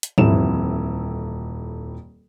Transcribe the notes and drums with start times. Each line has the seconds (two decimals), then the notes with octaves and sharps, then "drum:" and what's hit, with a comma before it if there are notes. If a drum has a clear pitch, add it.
0.03 drum: hi-hat
0.18 D#1 F2 E3 C4 E4 E7, drum: tom